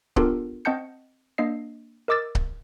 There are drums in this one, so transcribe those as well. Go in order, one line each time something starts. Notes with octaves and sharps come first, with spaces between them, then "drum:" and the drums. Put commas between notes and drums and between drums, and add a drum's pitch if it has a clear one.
B3 D4 F4 G4 A4 A#4, drum: kick C#1
C4 D#5 F#5 A5 G6 C#7
A#3 D4 D#5 C7
A#4 D#5 D6 E6 A6
drum: kick C#1